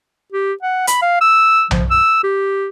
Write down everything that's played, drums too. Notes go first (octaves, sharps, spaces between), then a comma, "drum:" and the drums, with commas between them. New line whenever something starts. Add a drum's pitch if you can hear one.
G4
F#5
B5, drum: hi-hat
F5
E6
F3, drum: tom B1
E6
G4